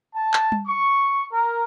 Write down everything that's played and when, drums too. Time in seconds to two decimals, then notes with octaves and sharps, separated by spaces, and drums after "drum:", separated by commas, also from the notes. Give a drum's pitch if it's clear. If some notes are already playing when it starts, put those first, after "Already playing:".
0.15 A5
0.33 drum: clap
0.52 drum: tom G3
0.67 C#6
1.32 A#4